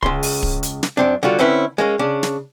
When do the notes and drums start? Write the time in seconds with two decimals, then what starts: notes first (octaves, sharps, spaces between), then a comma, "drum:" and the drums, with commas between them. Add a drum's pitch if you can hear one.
0.03 C#2 C#3 C6, drum: kick
0.23 drum: open hi-hat
0.43 drum: kick
0.63 drum: hi-hat
0.83 drum: snare
0.97 F#2 C4 D4
1.23 D3 G3 F4 F#4
1.39 D3 C4 C#4 E4 B4 C#5
1.78 G#3 A#3 C#4
1.99 C#3 D4
2.23 drum: snare